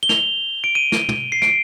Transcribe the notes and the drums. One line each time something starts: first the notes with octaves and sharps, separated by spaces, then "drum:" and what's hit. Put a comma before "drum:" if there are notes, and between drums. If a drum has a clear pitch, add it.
G7
F7, drum: snare
D7
D#7
drum: snare
drum: tom
C7
D7, drum: snare